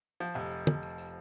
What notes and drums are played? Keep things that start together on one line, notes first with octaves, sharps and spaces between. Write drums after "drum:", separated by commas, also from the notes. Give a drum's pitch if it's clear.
F3, drum: tambourine
F1, drum: tambourine
drum: tambourine
drum: tom
drum: tambourine
drum: tambourine